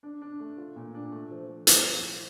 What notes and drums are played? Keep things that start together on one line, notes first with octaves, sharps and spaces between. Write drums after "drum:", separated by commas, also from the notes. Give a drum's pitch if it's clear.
D4
D4
A3
F4
A#2
D4
A3
F3
A3
F3, drum: hi-hat
F4
F4